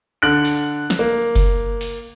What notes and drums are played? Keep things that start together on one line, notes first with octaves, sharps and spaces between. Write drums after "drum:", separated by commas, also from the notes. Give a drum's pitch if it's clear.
D3 F#6 D7
drum: open hi-hat
drum: snare
A#3
drum: kick F#1, open hi-hat
drum: open hi-hat